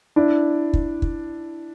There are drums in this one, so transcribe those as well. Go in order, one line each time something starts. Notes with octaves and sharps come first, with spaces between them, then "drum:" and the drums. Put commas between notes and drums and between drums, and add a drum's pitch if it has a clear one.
D4 E4
drum: kick
drum: kick